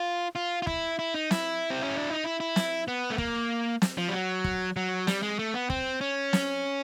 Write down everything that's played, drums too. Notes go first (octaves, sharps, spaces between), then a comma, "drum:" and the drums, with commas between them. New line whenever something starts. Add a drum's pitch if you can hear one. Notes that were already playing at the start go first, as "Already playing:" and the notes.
Already playing: F4
F4
F4
E4, drum: kick
E4
D#4
E4, drum: snare
C4
C#4
D4
D#4
E4
E4
drum: snare
B3
A3
A#3, drum: kick
drum: snare
F3
G3
F#3
drum: kick
F#3
G3, drum: snare
G#3
A3
B3
C4, drum: kick
C#4
drum: snare